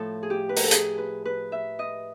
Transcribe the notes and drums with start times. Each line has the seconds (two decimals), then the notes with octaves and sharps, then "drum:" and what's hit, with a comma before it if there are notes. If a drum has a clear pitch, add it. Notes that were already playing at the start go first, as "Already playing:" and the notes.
Already playing: A2 F3 A4
0.23 G#4
0.30 G4
0.49 B4
0.56 A#4, drum: open hi-hat
0.64 A4
0.71 G#4, drum: hi-hat
0.98 B4
1.25 B4
1.52 E5
1.79 D#5